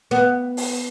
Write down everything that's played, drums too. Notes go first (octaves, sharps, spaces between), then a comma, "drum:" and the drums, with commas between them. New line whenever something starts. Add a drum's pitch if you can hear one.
B3
drum: open hi-hat